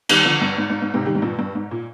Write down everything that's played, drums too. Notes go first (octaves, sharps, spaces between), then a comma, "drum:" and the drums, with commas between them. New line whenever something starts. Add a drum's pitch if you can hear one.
D#3 G3, drum: cymbal
D3 F3
G2
G#2
G#2
G#2
G#2 C3
D#3 G3
G#2
G2 A#2
G2
G#2
A#2